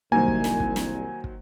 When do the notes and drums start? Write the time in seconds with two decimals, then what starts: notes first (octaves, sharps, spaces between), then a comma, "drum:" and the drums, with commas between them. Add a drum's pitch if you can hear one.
0.12 C2 D#3 F#3 A#3 C5 G#5
0.28 drum: kick
0.44 drum: snare
0.60 drum: kick
0.76 drum: snare
1.24 drum: kick